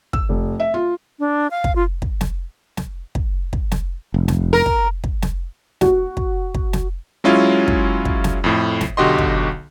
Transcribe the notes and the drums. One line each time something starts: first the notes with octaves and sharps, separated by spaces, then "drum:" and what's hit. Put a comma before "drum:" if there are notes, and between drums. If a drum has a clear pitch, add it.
E6, drum: kick
F1
E5
F4
D4
F5
drum: kick
F4
drum: kick
drum: snare
drum: snare
drum: kick
drum: kick
drum: snare
F1
drum: snare
A#4
drum: kick
drum: kick
drum: snare
F#4, drum: snare
drum: kick
drum: kick
drum: snare
F#3 G#3 C#4 E4 F4
drum: kick
drum: kick
drum: snare
F2 A2
drum: snare
B1 D3 F#4 G4 D#5 C6
drum: kick